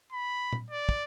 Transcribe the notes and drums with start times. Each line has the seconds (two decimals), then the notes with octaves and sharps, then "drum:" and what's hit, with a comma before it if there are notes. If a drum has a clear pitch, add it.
0.12 B5
0.53 drum: tom A#2
0.71 D5
0.89 drum: kick